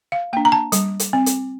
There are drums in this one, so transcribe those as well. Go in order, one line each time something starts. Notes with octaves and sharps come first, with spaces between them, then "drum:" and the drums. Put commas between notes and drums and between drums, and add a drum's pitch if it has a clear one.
F5
A#3 D4 G5
A#5
A5
G3, drum: hi-hat
drum: hi-hat
C4
drum: hi-hat